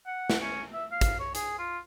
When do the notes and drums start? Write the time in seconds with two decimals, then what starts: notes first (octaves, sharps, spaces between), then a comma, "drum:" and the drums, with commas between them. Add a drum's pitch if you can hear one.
0.07 F#5
0.30 drum: snare
0.41 C#4
0.74 E5
0.92 F5
1.01 drum: kick, hi-hat
1.19 C#5
1.35 G#4, drum: hi-hat
1.59 F4